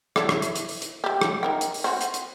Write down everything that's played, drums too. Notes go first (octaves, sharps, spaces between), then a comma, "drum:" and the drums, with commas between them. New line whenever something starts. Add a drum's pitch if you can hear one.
E4 A4 D5, drum: rim click
drum: rim click
drum: hi-hat
drum: hi-hat
drum: open hi-hat
drum: hi-hat
G3 G4
drum: rim click
D#4 A#4 G5
drum: hi-hat
drum: open hi-hat
C4 F#4
drum: hi-hat
drum: hi-hat